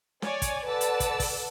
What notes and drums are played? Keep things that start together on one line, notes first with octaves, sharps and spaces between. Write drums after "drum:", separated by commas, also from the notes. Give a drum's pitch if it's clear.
C#5 D5 G#5, drum: snare
drum: kick, hi-hat
A4 B4 D5 F#5 A5 E6
drum: hi-hat
drum: kick, hi-hat
drum: kick, open hi-hat